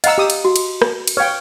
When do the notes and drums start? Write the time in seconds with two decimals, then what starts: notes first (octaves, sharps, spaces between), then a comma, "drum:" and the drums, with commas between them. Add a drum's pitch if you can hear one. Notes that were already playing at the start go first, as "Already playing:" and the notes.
0.04 D#5 F5 F#5 A#5 E6, drum: cymbal
0.18 G4 D#6 E6
0.30 drum: cymbal
0.45 F#4
0.56 drum: cymbal
0.82 drum: rim click
1.07 drum: cymbal
1.17 B4 C#5 F5 G5